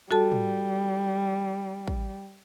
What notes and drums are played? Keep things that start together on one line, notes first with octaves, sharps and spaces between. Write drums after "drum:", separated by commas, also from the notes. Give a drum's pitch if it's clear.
G3 F#4 A4 A5
drum: tom
drum: kick